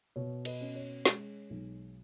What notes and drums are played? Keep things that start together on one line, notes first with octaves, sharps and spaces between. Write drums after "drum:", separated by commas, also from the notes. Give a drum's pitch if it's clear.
B2 C#5
B4 D#5, drum: cymbal
C#4
C#5
G#3, drum: snare
B1